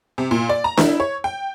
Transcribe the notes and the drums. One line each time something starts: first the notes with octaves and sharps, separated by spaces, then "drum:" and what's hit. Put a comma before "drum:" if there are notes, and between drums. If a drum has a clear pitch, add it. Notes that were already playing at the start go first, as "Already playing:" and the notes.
C3
A#2
D5
A#5
E4, drum: snare D4
C#5
G5